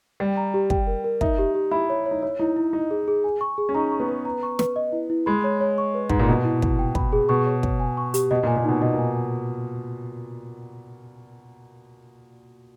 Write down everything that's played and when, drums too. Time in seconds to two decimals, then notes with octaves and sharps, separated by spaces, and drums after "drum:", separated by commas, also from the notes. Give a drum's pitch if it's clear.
0.20 G3 G5
0.37 A#5
0.54 G4
0.70 G5, drum: kick
0.87 A#4
1.04 A#4
1.21 D#4 E5, drum: kick
1.38 G4
1.55 G4
1.71 E4 B5
1.89 C#5
2.06 C#5
2.11 D#4
2.23 E4 C#5
2.39 D#4 E4
2.57 E4
2.73 D#4 D#5
2.91 G#4
3.08 G#4
3.24 G#5
3.41 C#6
3.58 G#4
3.69 C#4
3.74 D#4 A#5
3.92 C#6
4.00 B3
4.09 B4
4.25 A#5
4.43 C#6
4.59 B4, drum: snare
4.76 D#5
4.92 E4
5.10 E4
5.26 G#3 B5
5.44 C#5
5.60 C#5
5.78 C#6
5.94 B4
6.10 G#2 B4, drum: kick
6.19 A#2
6.28 B2 D#5
6.44 E4
6.62 E4, drum: kick
6.79 G5
6.95 B5, drum: kick
7.13 G#4
7.29 B2 C#6
7.46 C#5
7.63 C#5, drum: kick
7.80 G#5
7.97 C#6
8.14 G4, drum: hi-hat
8.31 B2 D#5
8.43 A#2
8.47 G#5
8.56 A#2
8.65 B2 D#4
8.81 B2 D#5
8.94 A#2
8.99 G#5